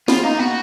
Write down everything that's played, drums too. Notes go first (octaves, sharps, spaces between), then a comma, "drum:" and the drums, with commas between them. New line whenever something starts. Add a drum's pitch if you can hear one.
B3 F4, drum: snare
A#3 D#4
B3 F#4